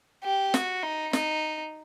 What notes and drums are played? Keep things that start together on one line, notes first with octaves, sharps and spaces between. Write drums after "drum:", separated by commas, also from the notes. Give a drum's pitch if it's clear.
G4
F#4, drum: snare
D#4
D#4, drum: snare